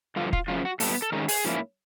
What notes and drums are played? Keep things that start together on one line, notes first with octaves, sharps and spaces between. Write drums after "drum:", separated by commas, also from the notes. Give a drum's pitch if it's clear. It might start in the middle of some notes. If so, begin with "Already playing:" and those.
G2 D3 F3 F4
F4, drum: kick
F#2 C#3 F3 F4
F#4
A#2 G3 B3 A4, drum: open hi-hat
A4
D#3 G#3 C#4 A#4
G#4, drum: open hi-hat
G#2 F3 A#3 C#4 E4